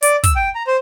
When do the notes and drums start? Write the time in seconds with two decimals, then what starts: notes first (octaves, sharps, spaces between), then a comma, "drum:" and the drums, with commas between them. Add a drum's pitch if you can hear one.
0.02 D5, drum: hi-hat
0.24 E6, drum: kick, hi-hat
0.36 G5
0.55 A#5
0.67 C5